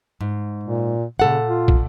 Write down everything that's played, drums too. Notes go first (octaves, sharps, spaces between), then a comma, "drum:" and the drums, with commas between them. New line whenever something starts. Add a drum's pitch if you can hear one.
G#2
A#2
A#2 C#3 A4 F#5
F4
drum: kick